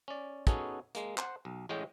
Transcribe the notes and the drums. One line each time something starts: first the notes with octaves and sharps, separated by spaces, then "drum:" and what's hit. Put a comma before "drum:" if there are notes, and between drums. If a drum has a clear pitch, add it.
C#4 D5
B3 C#4 D#4 F#4 G#4 A4, drum: kick, hi-hat
G#3 A#3, drum: hi-hat
C5 F#5, drum: clap
B1
A1 A2 G#3 C#4 D#5 G5